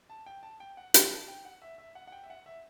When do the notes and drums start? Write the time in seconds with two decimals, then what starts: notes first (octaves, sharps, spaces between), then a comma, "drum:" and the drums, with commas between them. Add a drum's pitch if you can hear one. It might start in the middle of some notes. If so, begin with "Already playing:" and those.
0.10 A5
0.26 G5
0.43 A5
0.60 G5
0.77 F#5
0.94 G5, drum: hi-hat
1.11 A5
1.28 G5
1.45 F#5
1.62 E5
1.78 E5
1.95 F#5
2.07 F#5
2.12 G5
2.23 E5
2.30 F#5
2.46 E5